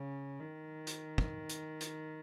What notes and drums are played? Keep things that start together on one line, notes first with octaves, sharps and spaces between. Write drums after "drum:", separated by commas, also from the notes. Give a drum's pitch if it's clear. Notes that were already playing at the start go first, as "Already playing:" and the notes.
Already playing: C#3
D#3
drum: hi-hat
drum: kick
drum: hi-hat
drum: hi-hat